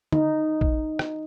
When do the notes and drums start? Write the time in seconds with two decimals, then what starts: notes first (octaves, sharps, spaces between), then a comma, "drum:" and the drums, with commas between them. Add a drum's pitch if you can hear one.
0.13 D#4, drum: tom
0.61 drum: kick
0.99 drum: rim click